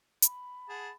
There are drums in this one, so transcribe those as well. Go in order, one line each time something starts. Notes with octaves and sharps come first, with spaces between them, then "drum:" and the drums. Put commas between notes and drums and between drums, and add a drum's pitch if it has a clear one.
B5, drum: hi-hat
G#4 F#5 A5